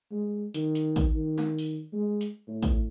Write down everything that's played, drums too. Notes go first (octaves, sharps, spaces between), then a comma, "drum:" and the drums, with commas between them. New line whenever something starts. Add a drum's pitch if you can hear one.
G#3
D#3, drum: hi-hat
drum: hi-hat
drum: kick, hi-hat
D#3
drum: snare
drum: open hi-hat
G#3
drum: hi-hat
A2
drum: kick, hi-hat